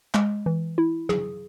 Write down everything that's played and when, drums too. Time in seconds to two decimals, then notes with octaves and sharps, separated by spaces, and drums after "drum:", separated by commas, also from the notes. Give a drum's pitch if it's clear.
0.14 G#3, drum: clap
0.46 E3
0.78 E4
1.09 G#4, drum: tom